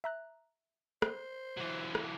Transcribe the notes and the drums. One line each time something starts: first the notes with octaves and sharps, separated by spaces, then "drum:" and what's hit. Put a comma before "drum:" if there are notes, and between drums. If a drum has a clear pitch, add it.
E5 A#5 F#6
C5, drum: rim click
E3 F#3
drum: rim click